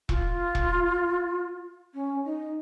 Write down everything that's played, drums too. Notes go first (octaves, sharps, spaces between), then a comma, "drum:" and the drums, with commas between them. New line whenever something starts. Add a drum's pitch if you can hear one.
F4, drum: kick E1
drum: kick E1
C#4
D#4